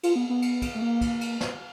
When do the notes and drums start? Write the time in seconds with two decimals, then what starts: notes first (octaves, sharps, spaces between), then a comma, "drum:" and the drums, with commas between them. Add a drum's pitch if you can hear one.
0.03 F4, drum: cymbal
0.16 B3
0.29 B3
0.42 drum: cymbal
0.62 drum: kick, cymbal
0.75 A3
0.82 A#3
1.01 drum: kick, cymbal
1.21 drum: cymbal
1.41 drum: snare